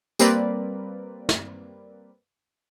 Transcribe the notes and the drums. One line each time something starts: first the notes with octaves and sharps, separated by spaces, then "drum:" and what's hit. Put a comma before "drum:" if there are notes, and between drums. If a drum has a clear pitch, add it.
G3 A#3 C4 A#4 B4 D5, drum: tambourine
drum: snare